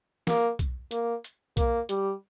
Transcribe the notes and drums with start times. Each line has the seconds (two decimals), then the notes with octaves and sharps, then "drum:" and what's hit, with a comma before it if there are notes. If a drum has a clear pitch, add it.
0.27 A#3, drum: snare
0.59 drum: kick B1, hi-hat
0.91 A#3, drum: hi-hat
1.24 drum: hi-hat
1.57 A#3, drum: kick B1, hi-hat
1.89 G3, drum: hi-hat